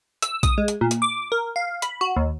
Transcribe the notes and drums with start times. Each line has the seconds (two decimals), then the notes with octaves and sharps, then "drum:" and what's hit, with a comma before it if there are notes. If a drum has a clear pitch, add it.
0.22 E6, drum: hi-hat
0.43 D#6, drum: kick B1, hi-hat
0.58 G#3
0.68 drum: hi-hat
0.81 A#2
0.91 drum: hi-hat
1.02 D6
1.32 A#4
1.56 F5
1.82 B5, drum: hi-hat
2.01 F#4
2.16 D#2